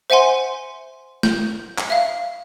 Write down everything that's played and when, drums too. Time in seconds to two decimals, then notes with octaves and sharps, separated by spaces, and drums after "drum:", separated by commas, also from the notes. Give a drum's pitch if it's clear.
0.10 C5 E5 F#5 G#5 C6
1.23 G6, drum: snare
1.78 drum: clap
1.90 E5 F5